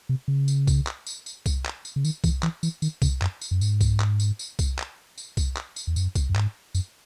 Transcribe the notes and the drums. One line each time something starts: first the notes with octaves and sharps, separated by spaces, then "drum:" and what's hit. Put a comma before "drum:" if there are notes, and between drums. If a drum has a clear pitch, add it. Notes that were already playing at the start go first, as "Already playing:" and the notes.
C3
C#3
drum: tambourine
drum: kick C2, tambourine
drum: clap
drum: tambourine
drum: tambourine
drum: kick C2, tambourine
drum: clap
drum: tambourine
C#3
D#3, drum: tambourine
E3, drum: kick C2, tambourine
E3, drum: clap
E3, drum: tambourine
D#3, drum: tambourine
C#3, drum: kick C2, tambourine
F#2, drum: clap
drum: tambourine
F#2
G#2, drum: tambourine
drum: kick C2, tambourine
drum: clap
drum: tambourine
drum: tambourine
drum: kick C2, tambourine
drum: clap
drum: tambourine
drum: kick C2, tambourine
drum: clap
drum: tambourine
E2
F#2, drum: tambourine
drum: kick C2, tambourine
F#2
G#2, drum: clap
F#2, drum: tambourine